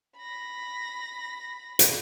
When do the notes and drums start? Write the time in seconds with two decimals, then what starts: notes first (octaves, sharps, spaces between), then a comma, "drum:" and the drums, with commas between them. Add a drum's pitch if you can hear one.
0.18 B5 A#6
1.79 drum: hi-hat